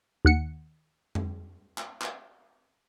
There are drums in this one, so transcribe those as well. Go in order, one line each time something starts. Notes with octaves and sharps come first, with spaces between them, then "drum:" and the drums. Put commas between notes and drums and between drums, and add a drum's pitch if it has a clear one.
D#2 F#5 C#7
drum: tom F2
drum: clap
drum: clap